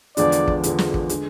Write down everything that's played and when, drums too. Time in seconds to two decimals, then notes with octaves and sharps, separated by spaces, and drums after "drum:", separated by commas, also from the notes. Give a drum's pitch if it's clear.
0.17 E2 D3 F3 G#3 D4 D5, drum: hi-hat
0.32 drum: hi-hat
0.48 drum: kick
0.63 E2 D3 F3 G#3 D4, drum: hi-hat
0.79 drum: snare
0.94 drum: kick
1.09 D3 G#3, drum: hi-hat